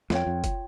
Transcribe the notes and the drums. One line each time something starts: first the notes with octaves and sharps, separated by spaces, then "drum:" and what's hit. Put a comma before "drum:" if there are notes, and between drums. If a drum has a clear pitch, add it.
F2 F4 C#5 G5, drum: snare
F2
drum: kick F#1, hi-hat